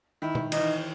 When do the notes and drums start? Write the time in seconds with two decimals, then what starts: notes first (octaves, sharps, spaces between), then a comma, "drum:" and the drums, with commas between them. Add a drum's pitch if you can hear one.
0.22 D#3 E4
0.35 drum: tom B2
0.52 E3 D#4, drum: cymbal